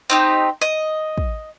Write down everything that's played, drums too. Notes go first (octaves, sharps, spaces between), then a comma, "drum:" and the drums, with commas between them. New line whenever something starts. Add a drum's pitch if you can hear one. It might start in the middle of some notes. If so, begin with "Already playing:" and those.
C4 D#4 G4
D#5
drum: kick